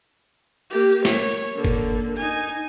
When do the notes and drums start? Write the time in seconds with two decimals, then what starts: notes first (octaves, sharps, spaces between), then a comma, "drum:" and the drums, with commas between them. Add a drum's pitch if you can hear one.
0.70 A#3 G4
1.05 C#5, drum: snare
1.55 D3 A#3
1.65 drum: kick F#1
2.17 D#4 G#5